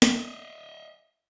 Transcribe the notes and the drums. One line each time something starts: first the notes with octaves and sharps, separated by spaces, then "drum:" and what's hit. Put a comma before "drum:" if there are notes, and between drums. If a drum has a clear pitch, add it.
drum: snare
D#5 E5